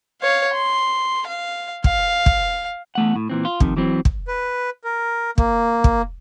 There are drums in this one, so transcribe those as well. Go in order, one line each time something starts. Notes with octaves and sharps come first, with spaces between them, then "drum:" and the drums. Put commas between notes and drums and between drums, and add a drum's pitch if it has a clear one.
C#5 F5
C6
F5
F5, drum: kick
drum: kick
E2 A3 F#5
A2
A#2 E3 C4
F4
F2 C3 D#3, drum: kick
E3 F#3 C4
drum: kick
B4
A#4
A#3, drum: kick
drum: kick